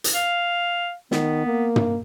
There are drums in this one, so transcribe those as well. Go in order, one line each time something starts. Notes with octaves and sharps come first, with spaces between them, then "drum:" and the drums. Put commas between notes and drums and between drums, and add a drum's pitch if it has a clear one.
drum: hi-hat
F5
D#3 B3, drum: snare
A#3
drum: tom